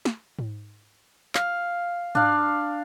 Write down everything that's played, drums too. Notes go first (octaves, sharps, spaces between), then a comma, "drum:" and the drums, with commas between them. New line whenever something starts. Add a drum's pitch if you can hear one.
drum: snare
drum: tom G#2
F5, drum: clap
D4 F5, drum: tom G#2